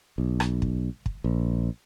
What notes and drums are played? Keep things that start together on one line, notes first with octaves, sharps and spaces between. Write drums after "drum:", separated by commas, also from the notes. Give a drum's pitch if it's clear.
B1
drum: rim click
drum: kick
drum: kick
A#1